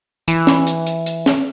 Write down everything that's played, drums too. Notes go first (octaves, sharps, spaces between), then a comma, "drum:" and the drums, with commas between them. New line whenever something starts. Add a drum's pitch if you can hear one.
E3, drum: hi-hat
drum: snare
drum: hi-hat
drum: hi-hat
drum: hi-hat
drum: snare